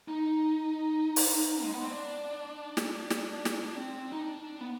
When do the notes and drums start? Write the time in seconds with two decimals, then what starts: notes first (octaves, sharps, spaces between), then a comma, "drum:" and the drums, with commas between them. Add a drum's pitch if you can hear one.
0.08 D#4
1.16 drum: open hi-hat
1.63 G#3
1.73 B3
1.83 C4
1.91 D4
2.77 drum: snare
3.11 drum: snare
3.45 drum: snare
3.64 D4
3.76 C4
4.12 D#4
4.21 D4
4.61 B3